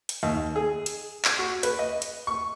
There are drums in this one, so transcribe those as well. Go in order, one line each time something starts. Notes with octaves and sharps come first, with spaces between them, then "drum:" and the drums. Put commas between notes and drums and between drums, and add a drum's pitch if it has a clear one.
drum: hi-hat
D#2
G#4
drum: hi-hat
drum: clap
F#4
B4, drum: hi-hat
D#5
drum: hi-hat
C#6